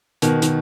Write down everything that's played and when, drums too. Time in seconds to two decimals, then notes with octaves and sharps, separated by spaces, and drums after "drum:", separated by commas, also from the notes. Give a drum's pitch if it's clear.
0.22 B2 D#3, drum: hi-hat
0.42 D#3, drum: hi-hat